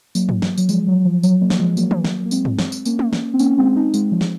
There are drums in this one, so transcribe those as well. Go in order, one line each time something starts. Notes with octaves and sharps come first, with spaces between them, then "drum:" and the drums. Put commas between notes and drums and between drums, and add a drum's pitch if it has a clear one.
F#3 A#3, drum: tambourine
drum: tom
drum: snare
F#3, drum: tambourine
F3 G#3, drum: tambourine
F#3
F3
F#3, drum: tambourine
F#3 A#3
drum: snare
F3 G#3
F#3 A#3, drum: tambourine
drum: tom
drum: snare
A#3
G#3 C4, drum: tambourine
drum: tom
drum: snare
drum: tambourine
A#3 C#4, drum: tambourine
drum: tom
drum: snare
C4
A#3 C#4, drum: tambourine
G#3 C4
C4 D#4
G#3 C4, drum: tambourine
F3
drum: snare